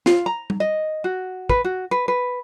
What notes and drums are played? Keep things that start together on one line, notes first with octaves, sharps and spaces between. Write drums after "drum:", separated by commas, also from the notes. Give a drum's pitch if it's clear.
F4, drum: snare
A#5
drum: tom G3
D#5
F#4
B4, drum: kick
F#4
B4
B4